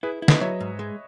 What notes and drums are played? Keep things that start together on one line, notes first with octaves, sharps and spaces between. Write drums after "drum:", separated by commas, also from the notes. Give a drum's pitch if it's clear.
E4 G#4 B4
E4
B4 D#5, drum: snare
F#3 C#5 E5
G#2
G#3